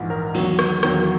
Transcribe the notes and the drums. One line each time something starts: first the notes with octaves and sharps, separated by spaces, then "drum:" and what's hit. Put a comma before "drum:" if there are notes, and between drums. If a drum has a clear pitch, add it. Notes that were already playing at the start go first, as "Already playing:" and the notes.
Already playing: A#1 G#2 E3
A#4
E2 D#3 F#3 A#3, drum: cymbal
drum: rim click
E2 D#3 F#3 A#3, drum: rim click